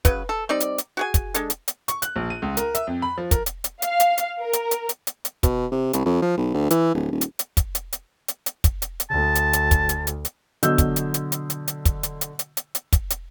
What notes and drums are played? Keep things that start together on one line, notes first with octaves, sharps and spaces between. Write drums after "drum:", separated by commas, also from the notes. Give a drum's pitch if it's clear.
C#3 F#3 B4, drum: kick, hi-hat
A4
G3 C4 D#4 D5
drum: hi-hat
drum: hi-hat
F#4 G#4 G#5
drum: kick, hi-hat
G#3 D4 A4, drum: hi-hat
drum: hi-hat
drum: hi-hat
C#6, drum: hi-hat
F#6, drum: hi-hat
A#1
D#7
C#2
A#4, drum: hi-hat
E5, drum: hi-hat
F2
B5
F3
A#4, drum: kick, hi-hat
drum: hi-hat
drum: hi-hat
F5, drum: hi-hat
drum: hi-hat
drum: hi-hat
A#4
drum: hi-hat
drum: hi-hat
drum: hi-hat
drum: hi-hat
drum: hi-hat
B2, drum: kick, hi-hat
C3
C2, drum: hi-hat
F2
F3
B1
D2
E3, drum: hi-hat
D1
D#1
drum: hi-hat
drum: hi-hat
drum: kick, hi-hat
drum: hi-hat
drum: hi-hat
drum: hi-hat
drum: hi-hat
drum: kick, hi-hat
drum: hi-hat
drum: hi-hat
D2 A5
drum: hi-hat
drum: hi-hat
drum: kick, hi-hat
drum: hi-hat
drum: hi-hat
drum: hi-hat
B2 D3 F#3 D#5 E6 G6, drum: hi-hat
drum: kick, hi-hat
drum: hi-hat
drum: hi-hat
drum: hi-hat
drum: hi-hat
drum: hi-hat
drum: kick, hi-hat
drum: hi-hat
drum: hi-hat
drum: hi-hat
drum: hi-hat
drum: hi-hat
drum: kick, hi-hat
drum: hi-hat